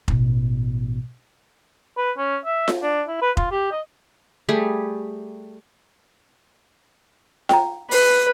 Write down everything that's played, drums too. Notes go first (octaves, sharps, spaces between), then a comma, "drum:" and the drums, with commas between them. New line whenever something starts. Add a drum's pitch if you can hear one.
A1 B2, drum: kick F1
B4
C#4
E5
drum: snare F4
D4
E4
B4
F4, drum: kick F1
G4
D#5
G3 A3 G4 G#4
G5 A#5, drum: snare F4
B4, drum: open hi-hat